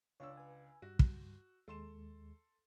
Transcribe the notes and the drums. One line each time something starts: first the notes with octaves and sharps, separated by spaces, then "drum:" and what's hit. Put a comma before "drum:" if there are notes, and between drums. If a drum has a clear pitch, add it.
C#2 D4 C#5 E6
B4 G#5
G2 G3 F#4
drum: kick
D#2 G#3 A4 C6 E7